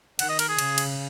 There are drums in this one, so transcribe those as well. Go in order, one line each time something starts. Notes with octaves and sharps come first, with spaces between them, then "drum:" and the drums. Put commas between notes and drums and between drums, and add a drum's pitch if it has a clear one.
D#3 F#5, drum: cymbal
D#5
A#4, drum: cymbal
G#4
C#3, drum: cymbal
drum: cymbal